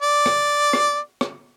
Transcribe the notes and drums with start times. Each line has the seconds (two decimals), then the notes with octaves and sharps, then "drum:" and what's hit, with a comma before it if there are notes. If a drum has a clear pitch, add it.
0.02 D5
0.26 drum: rim click
0.73 drum: rim click
1.21 drum: rim click